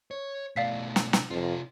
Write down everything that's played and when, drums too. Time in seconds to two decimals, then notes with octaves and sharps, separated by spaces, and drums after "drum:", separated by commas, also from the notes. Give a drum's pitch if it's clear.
0.11 C#5
0.56 B2 A3 D5 F5 B6
0.96 drum: snare
1.13 drum: snare
1.30 F2 C3 F4